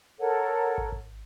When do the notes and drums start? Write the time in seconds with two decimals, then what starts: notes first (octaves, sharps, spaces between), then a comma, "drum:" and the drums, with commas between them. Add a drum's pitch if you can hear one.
0.19 A4 A#4 C#5 F#5
0.78 drum: kick
0.92 drum: kick